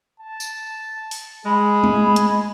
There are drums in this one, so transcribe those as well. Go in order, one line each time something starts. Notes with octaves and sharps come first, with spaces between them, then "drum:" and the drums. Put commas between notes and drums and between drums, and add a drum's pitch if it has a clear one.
A5
drum: tambourine
drum: open hi-hat
G#3 G#4 B5
drum: tom
drum: hi-hat